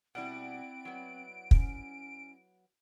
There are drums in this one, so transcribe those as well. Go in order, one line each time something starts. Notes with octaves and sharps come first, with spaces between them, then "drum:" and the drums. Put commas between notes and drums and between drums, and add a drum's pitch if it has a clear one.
B2 G3 C4 E4 D5 F#5 D7
F#3 B3
C#4, drum: kick